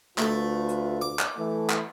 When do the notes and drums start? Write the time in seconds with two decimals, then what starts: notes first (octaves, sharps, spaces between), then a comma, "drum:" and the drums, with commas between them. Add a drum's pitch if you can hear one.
0.18 D2 A3 F4 B4, drum: clap
0.69 drum: hi-hat
1.02 D6
1.19 drum: clap
1.38 E3 A3
1.70 drum: clap